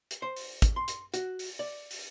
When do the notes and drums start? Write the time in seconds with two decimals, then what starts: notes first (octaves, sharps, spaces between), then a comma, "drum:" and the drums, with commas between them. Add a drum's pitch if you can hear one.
0.11 drum: hi-hat
0.22 C5
0.36 drum: open hi-hat
0.62 drum: kick, hi-hat
0.76 C6
0.88 drum: hi-hat
1.14 F#4, drum: hi-hat
1.39 drum: open hi-hat
1.59 D5
1.91 drum: open hi-hat